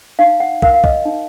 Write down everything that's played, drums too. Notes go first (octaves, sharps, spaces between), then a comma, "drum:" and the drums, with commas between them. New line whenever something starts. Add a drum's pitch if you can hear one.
D#4 F5
F#5
A#4 F5, drum: kick
F5
D#5, drum: kick
D#4